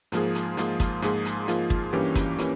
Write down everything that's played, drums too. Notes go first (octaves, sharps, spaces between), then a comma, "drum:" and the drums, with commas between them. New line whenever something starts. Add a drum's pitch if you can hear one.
G#2 F3 A#3 F4 G#4, drum: hi-hat
drum: hi-hat
G#2 F3 A#3 F4 G#4, drum: hi-hat
drum: kick, hi-hat
G#2 F3 A#3 F4 G#4, drum: hi-hat
drum: hi-hat
G#2 F3 A#3 F4 G#4, drum: hi-hat
drum: kick
G2 E3 A#3 C#4 G4
drum: kick, hi-hat
E3 A#3 C#4 G4, drum: hi-hat